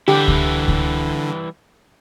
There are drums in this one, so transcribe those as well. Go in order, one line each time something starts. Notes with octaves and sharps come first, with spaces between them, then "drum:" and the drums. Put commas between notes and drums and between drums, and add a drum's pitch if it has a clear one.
D3 E3 G3 E4 G4
drum: kick C#2
drum: kick C#2